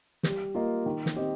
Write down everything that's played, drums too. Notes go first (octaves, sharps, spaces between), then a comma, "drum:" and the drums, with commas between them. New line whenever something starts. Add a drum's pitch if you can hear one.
G3, drum: snare
A#3 F4 D#5
D#3
drum: snare
C4 G4 D#5